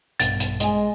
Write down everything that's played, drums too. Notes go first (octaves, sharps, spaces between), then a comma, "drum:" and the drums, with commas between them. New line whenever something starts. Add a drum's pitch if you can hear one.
A#1 G2 B2 A6, drum: hi-hat
drum: hi-hat
G#3 D#5 G#5, drum: hi-hat